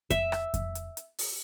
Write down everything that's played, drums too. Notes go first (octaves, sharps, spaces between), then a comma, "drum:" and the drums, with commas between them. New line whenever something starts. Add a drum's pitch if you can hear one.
E5, drum: kick F2, hi-hat
drum: rim click
drum: kick F2, hi-hat
drum: hi-hat
drum: hi-hat
drum: open hi-hat